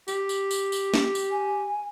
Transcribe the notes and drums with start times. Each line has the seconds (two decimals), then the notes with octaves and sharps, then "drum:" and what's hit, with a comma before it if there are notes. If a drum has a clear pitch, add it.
0.08 G4, drum: tambourine
0.29 drum: tambourine
0.51 drum: tambourine
0.72 drum: tambourine
0.94 drum: snare
1.15 drum: tambourine
1.31 G#5